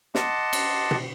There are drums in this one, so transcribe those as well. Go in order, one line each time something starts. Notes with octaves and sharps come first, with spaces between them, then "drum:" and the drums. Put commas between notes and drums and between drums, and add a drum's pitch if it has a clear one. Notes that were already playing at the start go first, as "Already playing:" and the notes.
D#5 F#5 A5 C6 D6, drum: snare
drum: cymbal
drum: tom B2